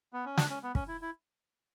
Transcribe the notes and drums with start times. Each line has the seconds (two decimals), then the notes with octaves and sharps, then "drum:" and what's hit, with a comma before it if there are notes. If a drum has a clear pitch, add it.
0.13 B3
0.25 C#4
0.37 D4, drum: snare
0.50 C#4
0.63 B3
0.75 C#4, drum: kick
0.88 E4
1.02 E4